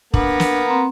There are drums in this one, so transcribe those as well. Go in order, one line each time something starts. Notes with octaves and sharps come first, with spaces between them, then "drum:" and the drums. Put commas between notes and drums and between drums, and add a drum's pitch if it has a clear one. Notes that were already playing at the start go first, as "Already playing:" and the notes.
A#3 B3 D4, drum: kick
drum: snare
C4 A#5